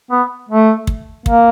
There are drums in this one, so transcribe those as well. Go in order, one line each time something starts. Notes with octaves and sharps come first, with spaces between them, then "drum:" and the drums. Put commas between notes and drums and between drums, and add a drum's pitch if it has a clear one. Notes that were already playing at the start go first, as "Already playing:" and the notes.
B3
A3
drum: kick
A#3, drum: kick